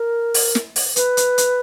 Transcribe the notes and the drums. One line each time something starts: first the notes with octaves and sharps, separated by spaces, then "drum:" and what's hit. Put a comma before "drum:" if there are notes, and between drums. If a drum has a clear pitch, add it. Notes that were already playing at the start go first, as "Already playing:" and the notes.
Already playing: A#4
drum: open hi-hat
drum: snare
drum: open hi-hat
B4, drum: hi-hat
drum: hi-hat
drum: hi-hat